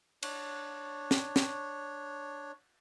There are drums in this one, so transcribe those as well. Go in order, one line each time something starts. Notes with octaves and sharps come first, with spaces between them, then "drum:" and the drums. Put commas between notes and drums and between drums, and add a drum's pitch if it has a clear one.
D4 C#5, drum: cymbal
drum: snare
drum: snare